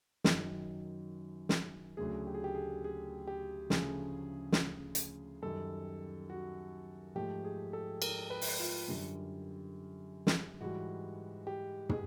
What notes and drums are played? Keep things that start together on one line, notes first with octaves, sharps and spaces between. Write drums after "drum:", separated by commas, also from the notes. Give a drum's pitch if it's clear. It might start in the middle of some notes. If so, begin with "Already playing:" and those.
F#2 D#3 F#3, drum: snare
drum: snare
D2 C#3 F#3 A3 G#4
G4
G#4
G4
G#4
G#4
G4
D2 C#3 F3 A3 G#4, drum: snare
drum: snare
drum: hi-hat
F#2 D#3 G3 A4
F#4
G#2 F3 A3 G4
G#4
A4
A#4, drum: cymbal
B4
drum: open hi-hat
F4
F#2 D3 G3
drum: snare
G#2 E3 G3 F#4
G4
G#4, drum: tom